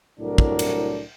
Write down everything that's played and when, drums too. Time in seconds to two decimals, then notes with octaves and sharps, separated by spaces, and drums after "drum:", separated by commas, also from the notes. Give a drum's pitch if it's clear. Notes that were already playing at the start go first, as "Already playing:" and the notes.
0.20 C2 A2 F#3 D4 A#4
0.38 drum: kick
0.59 drum: cymbal